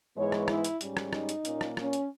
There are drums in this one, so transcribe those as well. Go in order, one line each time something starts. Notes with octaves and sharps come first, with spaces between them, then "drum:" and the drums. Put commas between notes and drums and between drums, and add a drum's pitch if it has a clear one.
G#2 E3 G#3 B3 C#5
drum: rim click
E4, drum: rim click
drum: hi-hat
G#2 G3 C#4, drum: hi-hat
drum: rim click
D#4, drum: rim click
drum: hi-hat
A#2 A#3 C#4, drum: hi-hat
drum: rim click
C#4, drum: rim click
drum: hi-hat